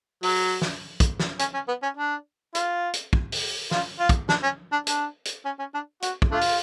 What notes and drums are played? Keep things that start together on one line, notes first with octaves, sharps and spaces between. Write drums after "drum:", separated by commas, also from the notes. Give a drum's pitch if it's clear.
F#3, drum: open hi-hat
drum: snare
drum: kick, hi-hat
drum: snare
C#4, drum: hi-hat
C#4
B3
C#4
D4
F4, drum: hi-hat
drum: hi-hat
drum: kick
drum: open hi-hat
F4, drum: snare
F4
drum: kick, hi-hat
D4, drum: snare
C#4
D4
D4, drum: hi-hat
drum: hi-hat
C#4
C#4
D4
F#4, drum: hi-hat
drum: kick
A3 D4 F4
drum: open hi-hat